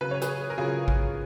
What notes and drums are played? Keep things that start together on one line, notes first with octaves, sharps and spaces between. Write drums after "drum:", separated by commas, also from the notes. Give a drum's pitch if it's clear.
C#3 F#3 B4
C#5
G#4 B4, drum: hi-hat
A#4
C#3 F#3 F4 G#4
drum: kick A1